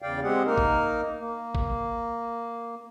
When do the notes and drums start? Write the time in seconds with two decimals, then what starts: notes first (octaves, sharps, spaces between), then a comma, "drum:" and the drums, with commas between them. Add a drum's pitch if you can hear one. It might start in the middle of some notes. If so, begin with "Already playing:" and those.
0.02 E2 C#3 D5 F5 G5
0.23 G#3 C4 G4 G#4 F#5
0.46 A#3 D#4 A#4
0.58 drum: kick
1.19 A#3
1.55 drum: kick